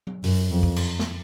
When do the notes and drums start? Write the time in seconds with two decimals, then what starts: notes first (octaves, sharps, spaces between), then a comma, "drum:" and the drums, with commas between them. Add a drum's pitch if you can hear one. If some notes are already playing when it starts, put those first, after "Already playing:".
0.07 drum: tom F#3
0.24 F#2, drum: open hi-hat
0.51 F2
0.63 drum: kick
0.76 drum: cymbal
0.99 drum: snare